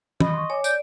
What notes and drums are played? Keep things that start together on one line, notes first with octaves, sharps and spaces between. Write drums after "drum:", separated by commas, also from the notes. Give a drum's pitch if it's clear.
D#5 B5, drum: tom
C6 C#6
C#5 G#5 D6
D5 G6, drum: tambourine